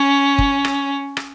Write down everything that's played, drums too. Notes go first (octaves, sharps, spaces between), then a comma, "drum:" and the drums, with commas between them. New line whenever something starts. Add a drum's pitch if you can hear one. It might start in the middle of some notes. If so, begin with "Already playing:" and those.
Already playing: C#4
drum: kick
drum: rim click
drum: rim click